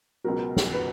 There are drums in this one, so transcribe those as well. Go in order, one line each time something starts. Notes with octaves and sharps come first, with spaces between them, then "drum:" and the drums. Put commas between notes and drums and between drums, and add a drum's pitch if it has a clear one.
C#2 B2 F#3 A#4
drum: snare
B4